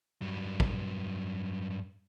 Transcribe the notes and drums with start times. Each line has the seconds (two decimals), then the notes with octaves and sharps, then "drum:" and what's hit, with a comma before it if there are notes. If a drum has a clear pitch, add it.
0.22 G2 F#3
0.60 drum: kick